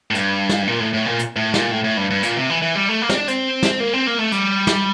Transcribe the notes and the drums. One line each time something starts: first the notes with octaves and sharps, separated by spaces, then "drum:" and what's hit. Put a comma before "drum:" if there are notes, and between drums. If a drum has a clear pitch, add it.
A2
G2, drum: hi-hat
drum: snare
A#2
A2
A2
A#2
drum: hi-hat
A2
A#2, drum: snare
A2
A2
G2
G2
A#2, drum: hi-hat
C3
E3
E3
G3
A3
A#3
C4, drum: snare
D4
C4, drum: hi-hat
drum: snare
A#3
C4
A#3
A3
G3, drum: hi-hat
drum: snare